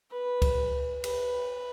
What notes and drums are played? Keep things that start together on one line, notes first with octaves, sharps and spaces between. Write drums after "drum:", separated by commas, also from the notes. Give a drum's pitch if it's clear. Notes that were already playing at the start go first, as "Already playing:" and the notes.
B4
drum: kick C#2, cymbal
B4, drum: cymbal